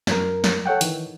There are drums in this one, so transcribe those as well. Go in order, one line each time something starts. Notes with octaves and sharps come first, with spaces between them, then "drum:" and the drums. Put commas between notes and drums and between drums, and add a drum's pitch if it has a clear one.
F#2 A#4, drum: snare
drum: snare
A4 C#5 F#5 G5
D#3 E3, drum: hi-hat